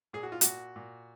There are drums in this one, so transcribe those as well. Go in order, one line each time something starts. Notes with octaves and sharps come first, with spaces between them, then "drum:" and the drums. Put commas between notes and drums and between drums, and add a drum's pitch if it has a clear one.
A#2 G#4
F#4
F4
A#2 F#4, drum: hi-hat
A#2